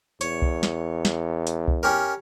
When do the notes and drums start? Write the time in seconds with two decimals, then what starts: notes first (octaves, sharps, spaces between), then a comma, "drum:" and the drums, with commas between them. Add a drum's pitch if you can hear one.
0.21 E2 C#5, drum: hi-hat
0.42 drum: kick C2
0.63 drum: snare
1.05 drum: snare
1.47 drum: hi-hat
1.68 drum: kick C2
1.83 C#4 G4 A#4